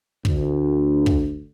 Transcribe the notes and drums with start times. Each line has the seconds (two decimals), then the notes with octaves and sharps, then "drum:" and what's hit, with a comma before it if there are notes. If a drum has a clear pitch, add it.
0.25 D2, drum: kick
1.06 drum: kick